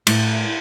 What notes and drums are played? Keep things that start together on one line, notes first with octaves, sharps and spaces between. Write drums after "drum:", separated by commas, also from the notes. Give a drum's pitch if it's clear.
A2, drum: cymbal